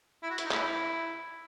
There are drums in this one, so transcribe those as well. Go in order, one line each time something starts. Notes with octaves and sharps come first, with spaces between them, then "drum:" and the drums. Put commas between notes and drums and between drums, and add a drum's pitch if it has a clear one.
E4
F#4
E4, drum: hi-hat
D#4
E4, drum: clap